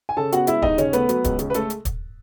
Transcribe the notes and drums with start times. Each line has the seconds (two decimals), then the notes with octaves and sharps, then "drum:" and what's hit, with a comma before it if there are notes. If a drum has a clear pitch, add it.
0.09 G#5
0.17 C#3 A4 A5
0.32 B3 F#4 F#5, drum: hi-hat
0.47 G#3 E4 E5, drum: hi-hat
0.62 D#2 D#4 D#5, drum: kick
0.78 C#3 C#4 C#5, drum: hi-hat
0.93 A3 B3 B4, drum: hi-hat
1.09 F#3, drum: hi-hat
1.24 C#2, drum: kick, hi-hat
1.39 C#3, drum: hi-hat
1.50 B4
1.54 G#3 A3 A4, drum: hi-hat
1.70 drum: hi-hat
1.85 drum: kick, hi-hat